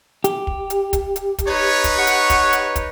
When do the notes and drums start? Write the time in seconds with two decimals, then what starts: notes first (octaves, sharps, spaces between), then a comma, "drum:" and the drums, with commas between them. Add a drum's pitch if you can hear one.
0.24 G4, drum: hi-hat
0.47 drum: kick
0.70 drum: hi-hat
0.93 drum: kick, hi-hat
1.16 drum: hi-hat
1.39 drum: kick, hi-hat
1.48 D#4 B4 C#5
1.84 drum: kick, hi-hat
1.98 F#5 C#6
2.07 drum: hi-hat
2.30 drum: kick, hi-hat
2.53 drum: hi-hat
2.76 drum: kick, hi-hat